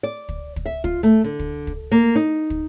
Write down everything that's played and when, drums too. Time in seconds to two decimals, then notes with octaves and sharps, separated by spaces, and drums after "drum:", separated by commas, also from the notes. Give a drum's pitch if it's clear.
0.03 D5
0.29 drum: kick
0.56 drum: kick
0.66 E5
0.84 F4, drum: kick
1.03 A3
1.24 D3
1.39 drum: kick
1.67 drum: kick
1.92 A#3
2.15 D#4
2.50 drum: kick